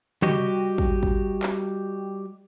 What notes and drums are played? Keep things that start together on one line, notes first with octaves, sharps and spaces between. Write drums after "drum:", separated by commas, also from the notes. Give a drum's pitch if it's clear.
G3 F#4 G4 D#5, drum: tom
drum: kick
drum: kick
drum: clap